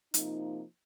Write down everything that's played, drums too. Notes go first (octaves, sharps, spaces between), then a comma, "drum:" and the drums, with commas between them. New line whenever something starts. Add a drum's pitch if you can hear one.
C3 F3 A#3 D#4, drum: hi-hat